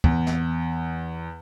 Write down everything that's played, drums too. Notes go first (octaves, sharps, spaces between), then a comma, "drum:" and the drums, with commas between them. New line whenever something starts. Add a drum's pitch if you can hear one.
E2, drum: kick
drum: snare